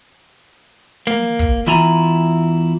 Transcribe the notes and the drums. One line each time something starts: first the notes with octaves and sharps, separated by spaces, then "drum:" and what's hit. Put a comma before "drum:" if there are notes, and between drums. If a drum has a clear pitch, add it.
A#3, drum: snare
drum: kick
E2 E3 E4 F4 G#5 A#5